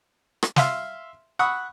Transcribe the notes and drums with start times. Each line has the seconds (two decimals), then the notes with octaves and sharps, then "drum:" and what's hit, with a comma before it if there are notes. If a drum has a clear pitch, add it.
0.43 drum: rim click
0.56 E5 F5 C6, drum: snare
1.39 F#5 B5 C#6 D#6 E6